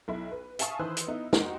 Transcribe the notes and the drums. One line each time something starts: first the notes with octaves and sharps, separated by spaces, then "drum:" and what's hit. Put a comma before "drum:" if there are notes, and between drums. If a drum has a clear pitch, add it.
B1 E4 B5
B4
E5 F5 G#5 A5 C#6 D#6, drum: hi-hat
D#3 E3 B4 C5 E6 F#6
drum: hi-hat
B3 D#4 E4
D#4 F#4 G4 A#4 C5, drum: snare